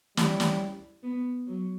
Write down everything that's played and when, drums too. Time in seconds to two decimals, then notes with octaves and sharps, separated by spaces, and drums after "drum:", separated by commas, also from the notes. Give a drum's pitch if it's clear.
0.17 G3 E4, drum: snare
0.40 drum: snare
1.03 B3
1.47 F#3